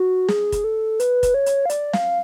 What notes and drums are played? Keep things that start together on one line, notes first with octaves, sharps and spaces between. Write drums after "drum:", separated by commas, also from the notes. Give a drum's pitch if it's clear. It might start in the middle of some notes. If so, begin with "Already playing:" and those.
Already playing: F#4
G#4, drum: snare
drum: kick, hi-hat
A4
B4, drum: hi-hat
drum: kick, hi-hat
C#5
drum: hi-hat
F5
D5, drum: hi-hat
F5, drum: snare